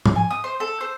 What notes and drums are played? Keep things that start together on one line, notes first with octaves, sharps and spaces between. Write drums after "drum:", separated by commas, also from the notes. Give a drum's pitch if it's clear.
drum: tom G#2
G#5
D#6
C5
A4
C5